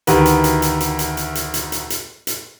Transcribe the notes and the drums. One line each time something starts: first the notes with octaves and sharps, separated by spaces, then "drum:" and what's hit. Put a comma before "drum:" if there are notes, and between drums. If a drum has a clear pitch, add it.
D2 D#3 E4 F#4 G4 B4, drum: hi-hat
drum: hi-hat
drum: hi-hat
drum: hi-hat
drum: hi-hat
drum: hi-hat
drum: hi-hat
drum: hi-hat
drum: hi-hat
drum: hi-hat
drum: hi-hat
drum: hi-hat